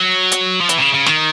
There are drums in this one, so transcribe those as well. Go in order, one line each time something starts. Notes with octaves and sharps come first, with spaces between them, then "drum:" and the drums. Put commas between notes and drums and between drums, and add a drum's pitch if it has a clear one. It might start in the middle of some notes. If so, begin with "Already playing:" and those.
Already playing: F#3
drum: hi-hat
F3
E3, drum: hi-hat
C3
C#3
C#3
D#3, drum: snare